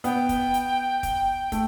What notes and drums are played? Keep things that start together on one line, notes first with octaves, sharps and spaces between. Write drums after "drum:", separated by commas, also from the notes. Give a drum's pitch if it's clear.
B3 G5, drum: hi-hat
drum: kick, hi-hat
drum: hi-hat
drum: kick, hi-hat
A3, drum: kick, hi-hat